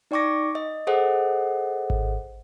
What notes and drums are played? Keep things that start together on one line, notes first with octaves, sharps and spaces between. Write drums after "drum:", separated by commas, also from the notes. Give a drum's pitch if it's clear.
D#4 D5 G5 C#6 D6 A#6
D#5
G#4 A4 C5 D#5 F#5
drum: kick G#1